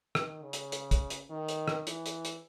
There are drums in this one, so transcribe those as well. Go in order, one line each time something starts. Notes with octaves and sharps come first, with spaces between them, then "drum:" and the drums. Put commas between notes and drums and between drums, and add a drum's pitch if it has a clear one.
D#3, drum: rim click
C#3
drum: hi-hat
drum: hi-hat
drum: kick, hi-hat
drum: hi-hat
D#3
drum: hi-hat
drum: rim click
E3, drum: hi-hat
drum: hi-hat
drum: hi-hat